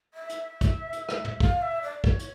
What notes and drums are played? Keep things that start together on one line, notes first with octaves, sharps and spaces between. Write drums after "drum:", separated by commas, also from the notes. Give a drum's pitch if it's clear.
E5
drum: hi-hat
drum: kick, hi-hat
drum: hi-hat
drum: rim click
drum: tom
F5, drum: kick
E5
D5
C#5, drum: kick
drum: hi-hat